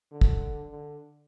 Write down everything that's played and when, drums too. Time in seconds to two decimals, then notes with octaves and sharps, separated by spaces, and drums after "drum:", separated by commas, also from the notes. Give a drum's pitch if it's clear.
0.11 D3
0.21 drum: kick
0.71 D3